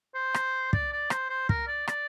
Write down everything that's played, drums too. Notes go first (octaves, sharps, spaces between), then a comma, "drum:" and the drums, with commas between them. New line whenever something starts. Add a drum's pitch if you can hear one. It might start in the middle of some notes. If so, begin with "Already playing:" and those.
C5
drum: rim click
D5, drum: kick
D5
C5, drum: rim click
C5
A#4, drum: kick
D5
D5, drum: rim click